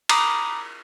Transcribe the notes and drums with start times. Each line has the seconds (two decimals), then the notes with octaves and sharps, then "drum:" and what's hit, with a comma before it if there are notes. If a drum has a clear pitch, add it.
0.09 A#5 B5 D6 D#6, drum: cymbal